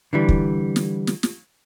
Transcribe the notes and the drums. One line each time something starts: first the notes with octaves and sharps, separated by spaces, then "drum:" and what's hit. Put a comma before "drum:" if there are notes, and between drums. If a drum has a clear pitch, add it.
D3 E3 G3
drum: kick
drum: snare
drum: snare
drum: snare